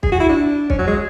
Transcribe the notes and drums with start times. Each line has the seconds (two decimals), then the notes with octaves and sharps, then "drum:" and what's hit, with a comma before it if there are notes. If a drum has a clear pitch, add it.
0.03 G#4, drum: kick
0.12 F#4
0.20 E4
0.29 D4
0.70 C#4, drum: kick
0.79 F#3
0.87 G#3